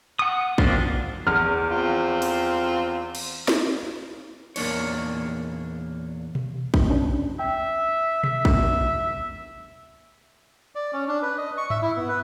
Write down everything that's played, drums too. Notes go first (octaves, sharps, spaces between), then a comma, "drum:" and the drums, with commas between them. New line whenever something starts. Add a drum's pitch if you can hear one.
F#5 D#6
F3 A#3 C4 D4 F4, drum: kick
E2 F6
C4 F4
drum: open hi-hat
drum: cymbal
drum: snare
E2 A#2 A#3 D4 C#5, drum: cymbal
drum: tom B2
drum: kick
C#4 D4
E5 G5
E5 B6, drum: tom B2
drum: kick
D5
C#4
D4
B4
D#5
C#6
E5, drum: tom G2
E4
B3
B4